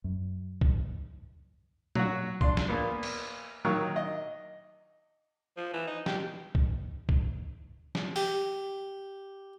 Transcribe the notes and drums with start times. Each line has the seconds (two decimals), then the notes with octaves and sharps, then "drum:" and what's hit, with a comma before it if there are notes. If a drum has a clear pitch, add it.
0.04 F#2
0.61 drum: kick C2
1.95 F#3 F#4, drum: tom A#2
2.41 D4 C6, drum: kick C2
2.57 drum: snare
2.68 A#2 A#3 B3
3.03 drum: cymbal
3.65 D#3 F#3 A#4 C#6
3.96 D#5
5.57 F3
5.73 E3
5.87 D#4
6.06 G4, drum: snare
6.55 drum: kick C2
7.09 drum: kick C2
7.95 drum: snare
8.16 G4, drum: open hi-hat